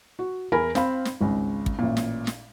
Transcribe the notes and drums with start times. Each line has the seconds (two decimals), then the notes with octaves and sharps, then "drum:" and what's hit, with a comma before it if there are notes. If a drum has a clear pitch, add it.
0.19 F#4
0.52 E2 A#4 G#5 B5
0.75 C4 F5 B5, drum: snare
1.05 drum: snare
1.21 G#1 C#2
1.66 drum: kick
1.79 A1 A#2
1.97 drum: snare
2.27 drum: snare